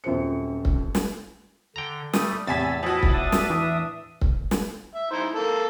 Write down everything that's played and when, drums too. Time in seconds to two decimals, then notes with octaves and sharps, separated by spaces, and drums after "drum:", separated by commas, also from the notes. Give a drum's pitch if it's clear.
0.04 D#1 F#2 F3 C4 C5 C#7
0.65 drum: kick C#1
0.95 drum: snare
1.76 D3 G5 A#5
2.13 G3 A3 D#6, drum: snare
2.47 E2 A2 C3 G#5 E6 A6 B6
2.83 F3 E4 F#4 D#5 B5
3.03 drum: kick C#1
3.13 D4 E5 D#6
3.32 drum: snare
3.50 E3
4.21 drum: kick C#1
4.51 drum: snare
4.95 E5
5.11 D#4 E4 C5
5.35 A#3 A4